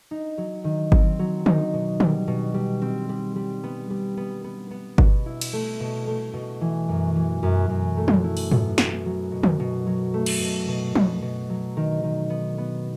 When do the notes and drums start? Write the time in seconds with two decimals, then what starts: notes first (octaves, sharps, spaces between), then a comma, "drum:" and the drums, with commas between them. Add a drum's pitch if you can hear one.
0.11 D#4
0.38 F#3
0.64 D#3
0.92 C4, drum: kick G1
1.19 F#3
1.46 D#4, drum: tom D3
1.74 B2
2.00 G3, drum: tom D3
2.28 B2
2.54 G3
2.82 C4
3.09 G3
3.36 G3
3.63 B3
3.90 G3
4.17 B3
4.44 B3
4.71 B3
4.98 B2, drum: kick G1
5.26 E4
5.41 drum: cymbal
5.53 A3
5.80 B2
6.07 A3
6.33 B2
6.61 E3
6.88 F#2
7.15 E3
7.43 F#2
7.69 F#2
7.97 A3
8.08 drum: tom F3
8.24 E4
8.37 drum: open hi-hat
8.51 B3, drum: tom G#2
8.78 B3, drum: snare
9.06 F#3
9.32 B2
9.43 drum: tom D3
9.60 B2
9.86 F#3
10.14 A3
10.26 drum: cymbal
10.40 B2
10.68 B2
10.95 B2, drum: tom F3
11.22 B2
11.49 F#3
11.77 D#3
12.04 D#3
12.30 B3
12.58 B3